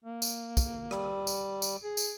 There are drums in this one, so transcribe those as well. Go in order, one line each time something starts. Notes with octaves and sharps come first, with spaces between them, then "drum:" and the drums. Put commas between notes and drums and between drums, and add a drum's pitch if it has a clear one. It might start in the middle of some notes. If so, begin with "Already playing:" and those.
A#3
drum: tambourine
drum: kick, tambourine
G3, drum: rim click
drum: tambourine
drum: tambourine
G#4
drum: tambourine